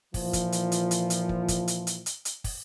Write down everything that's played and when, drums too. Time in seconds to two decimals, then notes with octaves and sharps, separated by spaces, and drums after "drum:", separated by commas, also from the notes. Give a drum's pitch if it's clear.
0.14 A#2 E3 F3, drum: kick, open hi-hat
0.33 drum: kick, hi-hat
0.52 drum: hi-hat
0.72 drum: hi-hat
0.91 drum: hi-hat
1.10 drum: hi-hat
1.29 drum: kick
1.48 drum: kick, hi-hat
1.68 drum: hi-hat
1.87 drum: hi-hat
2.06 drum: hi-hat
2.25 drum: hi-hat
2.44 drum: kick, open hi-hat